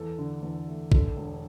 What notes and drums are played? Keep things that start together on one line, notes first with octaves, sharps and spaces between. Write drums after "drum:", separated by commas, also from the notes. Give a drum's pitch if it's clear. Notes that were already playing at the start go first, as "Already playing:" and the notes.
Already playing: E2 A4
D3
E2
A3
D3 A4, drum: kick
E1